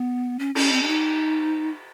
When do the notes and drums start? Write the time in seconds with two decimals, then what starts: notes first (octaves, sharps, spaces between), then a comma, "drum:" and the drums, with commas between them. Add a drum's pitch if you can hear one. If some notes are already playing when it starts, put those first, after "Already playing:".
Already playing: B3
0.39 C#4
0.55 C#4, drum: cymbal
0.72 C4
0.82 D4
0.88 D#4